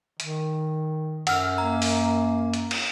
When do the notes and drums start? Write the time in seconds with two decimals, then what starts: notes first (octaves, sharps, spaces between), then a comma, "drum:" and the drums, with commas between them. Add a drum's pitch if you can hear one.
0.20 D#3, drum: hi-hat
1.27 F#2 F#5 E6 F6, drum: cymbal
1.58 A#3 A#5
1.82 drum: open hi-hat
2.54 drum: hi-hat
2.71 drum: cymbal